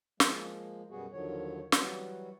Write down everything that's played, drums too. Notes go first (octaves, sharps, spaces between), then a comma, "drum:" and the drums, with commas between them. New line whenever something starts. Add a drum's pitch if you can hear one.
F3 G#3 A#3, drum: snare
F#2 B2 G3 B3 F#4 G#4
D#2 D3 D#3 F3 F#3 C#5
E3 F#3 G3 F#4, drum: snare